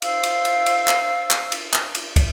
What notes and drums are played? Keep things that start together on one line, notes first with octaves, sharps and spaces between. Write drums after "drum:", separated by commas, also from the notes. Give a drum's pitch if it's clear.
C5 F5 E6, drum: cymbal
drum: cymbal
drum: cymbal
drum: cymbal
drum: clap
drum: clap
drum: cymbal
drum: clap
drum: cymbal
drum: kick, cymbal